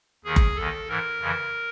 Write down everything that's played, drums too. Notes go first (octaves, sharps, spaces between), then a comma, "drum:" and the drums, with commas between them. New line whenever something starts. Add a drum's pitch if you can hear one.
D#2 D#3 G#4
drum: kick F#1
D#2 D#3 A4
G#2 E3 A#4
F2 C#3 E3